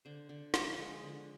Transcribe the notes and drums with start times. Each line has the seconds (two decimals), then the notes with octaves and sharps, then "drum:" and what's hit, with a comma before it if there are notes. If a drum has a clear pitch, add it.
0.05 D3 C5
0.29 D3
0.54 F3, drum: snare
0.79 G#3
1.03 D3